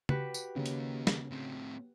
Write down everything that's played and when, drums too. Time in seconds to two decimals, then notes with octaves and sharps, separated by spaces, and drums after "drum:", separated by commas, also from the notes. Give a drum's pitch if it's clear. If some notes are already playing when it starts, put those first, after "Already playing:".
0.09 F#4 G4 B4, drum: tom C#3
0.34 drum: tambourine
0.56 D#2 C#3 A#3
0.66 drum: hi-hat
1.07 drum: snare
1.31 A2 C4